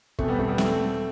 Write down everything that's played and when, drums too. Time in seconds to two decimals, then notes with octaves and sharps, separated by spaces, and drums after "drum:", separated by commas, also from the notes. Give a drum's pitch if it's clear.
0.19 E2 B2 A3 C4, drum: kick
0.28 G3 B3
0.39 A3 C4
0.48 G3 B3
0.58 A3 C4, drum: snare